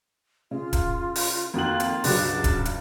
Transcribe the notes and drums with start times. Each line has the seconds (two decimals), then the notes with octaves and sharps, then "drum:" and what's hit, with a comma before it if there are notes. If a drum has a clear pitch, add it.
0.51 C#3 F4
0.73 drum: kick, hi-hat
1.15 drum: open hi-hat
1.54 F2 D#3 A#3 F4 F#4 F#7
1.80 drum: hi-hat
2.04 C#2 G2 C#3 F#3 D4 F#4, drum: open hi-hat
2.44 drum: kick, hi-hat
2.65 drum: hi-hat